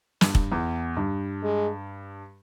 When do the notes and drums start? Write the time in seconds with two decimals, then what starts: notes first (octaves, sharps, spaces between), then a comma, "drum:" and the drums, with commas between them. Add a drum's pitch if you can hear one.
0.21 G2, drum: snare
0.35 drum: kick
0.52 E2
0.97 G2
1.43 G#3